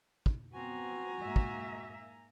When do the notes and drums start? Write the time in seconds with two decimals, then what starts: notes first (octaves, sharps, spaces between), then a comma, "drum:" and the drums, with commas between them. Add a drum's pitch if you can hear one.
0.26 drum: kick
0.53 B3 C4 F#4 G#5 A#5
1.22 G#2 A#3 E5
1.36 drum: kick